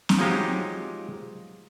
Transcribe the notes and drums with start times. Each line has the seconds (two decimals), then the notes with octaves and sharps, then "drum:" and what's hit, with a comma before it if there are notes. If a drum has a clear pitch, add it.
0.09 drum: snare C4
0.19 F3 F#3 G#3 D#4 F4 G4